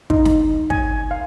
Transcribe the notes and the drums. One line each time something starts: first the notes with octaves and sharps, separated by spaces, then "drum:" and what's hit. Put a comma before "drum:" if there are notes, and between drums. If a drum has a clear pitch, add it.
D#4, drum: kick
drum: snare
G#5, drum: kick
F5